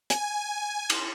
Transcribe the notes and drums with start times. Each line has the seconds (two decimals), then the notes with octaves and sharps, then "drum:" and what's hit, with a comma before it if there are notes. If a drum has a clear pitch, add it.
0.10 G#5, drum: hi-hat
0.90 drum: cymbal